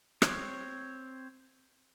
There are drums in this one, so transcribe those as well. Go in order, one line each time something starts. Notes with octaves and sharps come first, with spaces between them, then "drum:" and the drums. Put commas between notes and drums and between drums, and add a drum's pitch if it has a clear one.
C4 C#5, drum: rim click